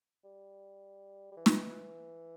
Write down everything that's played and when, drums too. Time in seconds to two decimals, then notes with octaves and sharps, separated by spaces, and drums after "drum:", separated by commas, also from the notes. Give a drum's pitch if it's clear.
0.24 G3
1.32 G3
1.37 E3
1.46 drum: snare